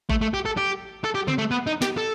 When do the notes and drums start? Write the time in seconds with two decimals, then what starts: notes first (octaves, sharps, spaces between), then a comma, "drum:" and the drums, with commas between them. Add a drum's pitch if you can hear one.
0.10 A3, drum: kick
0.21 A3
0.34 G4
0.46 A4
0.57 G4
1.04 A4
1.15 G4
1.28 C4, drum: tom C#3
1.38 A3
1.51 B3
1.67 D#4
1.82 G4, drum: snare
1.97 A4